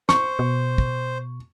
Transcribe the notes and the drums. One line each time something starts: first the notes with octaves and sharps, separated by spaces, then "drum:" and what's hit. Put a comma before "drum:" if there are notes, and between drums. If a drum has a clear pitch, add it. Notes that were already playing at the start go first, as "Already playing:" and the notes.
C5 C#6, drum: snare
B2
drum: kick